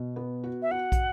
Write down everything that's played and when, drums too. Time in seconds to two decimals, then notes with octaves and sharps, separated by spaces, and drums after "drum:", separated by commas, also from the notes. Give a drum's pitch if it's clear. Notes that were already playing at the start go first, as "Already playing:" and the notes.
Already playing: B2
0.16 B3
0.44 F#4
0.62 E5
0.71 F#4 F#5
0.92 drum: kick, hi-hat